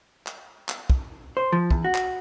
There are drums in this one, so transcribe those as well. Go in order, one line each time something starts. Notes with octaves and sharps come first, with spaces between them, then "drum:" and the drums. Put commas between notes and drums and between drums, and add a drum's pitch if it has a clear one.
drum: clap
drum: clap
drum: kick
C5
F3
E2, drum: kick
F#4
drum: clap